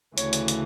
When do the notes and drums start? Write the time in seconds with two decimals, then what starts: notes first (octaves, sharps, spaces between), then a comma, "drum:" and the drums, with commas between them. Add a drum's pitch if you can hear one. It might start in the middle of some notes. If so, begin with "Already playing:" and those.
0.18 D2 C#3 E3 C#5, drum: hi-hat
0.33 drum: hi-hat
0.48 drum: hi-hat